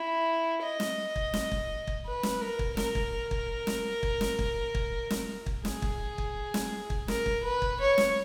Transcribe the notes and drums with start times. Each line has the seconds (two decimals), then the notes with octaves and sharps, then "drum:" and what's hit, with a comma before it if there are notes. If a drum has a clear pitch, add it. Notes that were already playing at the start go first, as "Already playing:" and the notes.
Already playing: E4
0.62 D#5
0.80 drum: snare
1.16 drum: kick
1.34 drum: snare
1.52 drum: kick
1.87 drum: kick
2.06 B4
2.23 drum: snare
2.41 A#4
2.59 drum: kick
2.77 A#4, drum: snare
2.95 drum: kick
3.31 drum: kick
3.67 drum: snare
4.03 drum: kick
4.21 drum: snare
4.39 drum: kick
4.75 drum: kick
5.10 drum: snare
5.46 drum: kick
5.65 G#4, drum: snare
5.82 drum: kick
6.18 drum: kick
6.54 drum: snare
6.90 drum: kick
7.08 A#4, drum: snare
7.26 drum: kick
7.44 B4
7.62 drum: kick
7.80 C#5
7.98 drum: snare